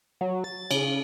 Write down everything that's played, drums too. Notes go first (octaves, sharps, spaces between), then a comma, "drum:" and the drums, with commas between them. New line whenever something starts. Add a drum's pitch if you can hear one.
F#3
A6
C#3, drum: cymbal